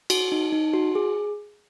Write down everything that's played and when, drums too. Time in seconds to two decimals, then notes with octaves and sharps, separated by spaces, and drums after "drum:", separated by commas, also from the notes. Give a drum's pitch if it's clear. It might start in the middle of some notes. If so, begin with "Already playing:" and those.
0.10 F#4, drum: cymbal
0.32 D#4
0.52 D#4
0.74 F#4
0.95 G#4